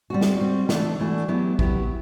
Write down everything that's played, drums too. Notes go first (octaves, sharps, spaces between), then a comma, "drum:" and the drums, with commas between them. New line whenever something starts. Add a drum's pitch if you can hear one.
G3 C4 F#4
drum: snare
G3 C4 F#4
E3 A3 D4 F#4, drum: snare
E3 A3 D4 F#4
F#3 B3 E4 G4
F#3 B3 E4 G4, drum: kick A1